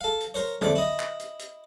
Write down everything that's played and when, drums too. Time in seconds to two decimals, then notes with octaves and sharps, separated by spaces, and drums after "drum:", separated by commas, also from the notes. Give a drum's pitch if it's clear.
0.01 A4 F5
0.20 drum: hi-hat
0.34 A#4 C5 C#5
0.61 F2 A3 D5 D6, drum: tom D3
0.75 E4 D#5
1.00 drum: clap
1.20 drum: hi-hat
1.39 drum: hi-hat